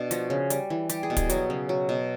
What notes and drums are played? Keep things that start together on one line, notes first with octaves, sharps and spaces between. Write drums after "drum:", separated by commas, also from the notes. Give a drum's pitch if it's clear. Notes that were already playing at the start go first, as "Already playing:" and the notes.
Already playing: B2 D4
F3 F#4, drum: hi-hat
C#3
G3, drum: hi-hat
E3
G3 G4, drum: hi-hat
G#4
B2
G#4, drum: kick, hi-hat
F#3, drum: hi-hat
C#3
F#3
B2